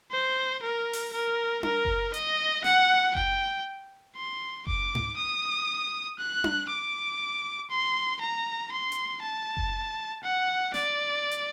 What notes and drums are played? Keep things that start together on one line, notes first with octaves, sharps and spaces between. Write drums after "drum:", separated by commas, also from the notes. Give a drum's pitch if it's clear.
C5
A#4
drum: open hi-hat
A#4
A#4, drum: tom D4
drum: kick F#1
D#5, drum: hi-hat
F#5, drum: snare
G5, drum: kick F#1
C6
D6, drum: kick F#1
drum: tom G#2
D#6
F#6
drum: tom D4
D6
C6
A#5
C6
drum: hi-hat
A5
drum: kick F#1
F#5
D5, drum: snare
drum: hi-hat